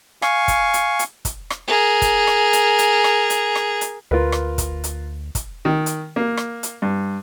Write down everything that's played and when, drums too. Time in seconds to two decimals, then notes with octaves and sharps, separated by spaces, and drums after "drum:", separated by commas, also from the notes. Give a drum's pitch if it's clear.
0.22 F5 G#5 C#6, drum: rim click
0.48 drum: kick, hi-hat
0.74 drum: hi-hat
0.99 drum: hi-hat
1.25 drum: kick, hi-hat
1.50 drum: rim click
1.67 G#4 A#4
2.02 drum: kick, hi-hat
2.27 drum: rim click
2.53 drum: hi-hat
2.79 drum: hi-hat
3.04 drum: rim click
3.30 drum: hi-hat
3.55 drum: rim click
3.81 drum: hi-hat
4.11 D2 F4 A#4 B4
4.32 drum: rim click
4.58 drum: kick, hi-hat
4.84 drum: hi-hat
5.35 drum: kick, hi-hat
5.65 D#3
5.86 drum: hi-hat
6.16 A#3
6.37 drum: rim click
6.63 drum: hi-hat
6.82 G2